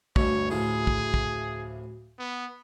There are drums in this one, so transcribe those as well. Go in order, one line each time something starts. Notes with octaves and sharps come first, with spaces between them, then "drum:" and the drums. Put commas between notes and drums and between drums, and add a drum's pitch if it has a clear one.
D2 G2 B2 F#4 C#5, drum: kick
A2 C3 F3 G#4
drum: kick
drum: kick
B3